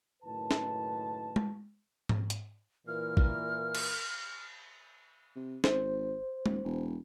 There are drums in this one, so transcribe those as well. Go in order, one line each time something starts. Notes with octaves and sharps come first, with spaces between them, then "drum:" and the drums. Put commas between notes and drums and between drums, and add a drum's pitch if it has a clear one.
F#1 A2 D#3 B4 A5
drum: snare
drum: tom G#3
drum: tom G#2
drum: hi-hat
A#2 E3 A#4 F6
drum: kick
drum: cymbal
C3
G#1 C5, drum: snare
D#1, drum: tom G#3
E1